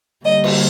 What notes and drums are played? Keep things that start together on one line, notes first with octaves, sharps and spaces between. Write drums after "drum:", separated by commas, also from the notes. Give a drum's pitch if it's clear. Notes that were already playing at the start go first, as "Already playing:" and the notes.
D3 G3 A#3 D#5
drum: cymbal